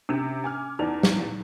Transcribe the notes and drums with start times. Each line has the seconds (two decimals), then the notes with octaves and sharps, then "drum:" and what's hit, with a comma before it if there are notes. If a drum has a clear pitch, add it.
0.09 C3 C#4 D4
0.44 G#5 D6 F6
0.79 E2 D#4 D5
1.03 drum: snare